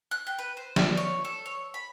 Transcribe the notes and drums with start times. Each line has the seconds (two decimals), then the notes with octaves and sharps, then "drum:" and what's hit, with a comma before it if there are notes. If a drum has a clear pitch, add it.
0.11 F#6
0.27 G5
0.39 B4
0.57 C5
0.76 D5, drum: snare
0.97 C#5
1.25 A4
1.46 C#5
1.74 B5